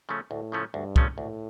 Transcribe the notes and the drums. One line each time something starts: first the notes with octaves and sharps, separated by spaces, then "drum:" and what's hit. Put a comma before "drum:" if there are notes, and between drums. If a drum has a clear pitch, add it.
C#3 F3 A3 C#4
D2 A2
C#3 F3 A3 C#4
D2 G2
C#3 F3 A3 C#4, drum: kick
D2 A2